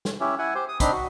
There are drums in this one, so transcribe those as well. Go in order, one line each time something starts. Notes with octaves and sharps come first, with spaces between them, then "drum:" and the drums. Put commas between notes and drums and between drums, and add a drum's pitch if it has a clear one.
drum: snare
C#4 E4 G4
E4 F#5 G#5
G4 C5
D#6
C4 D4 D#4 B5 C6, drum: kick, hi-hat
F#4